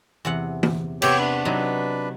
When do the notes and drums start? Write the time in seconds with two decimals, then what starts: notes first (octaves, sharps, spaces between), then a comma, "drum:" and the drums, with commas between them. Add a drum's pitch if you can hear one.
0.25 E2 C3 F#5
0.63 drum: tom E3
1.02 C3 B3 G4 C#5 E5 G5, drum: cymbal
1.19 D4 B4 B5
1.45 C3 F#3 D#4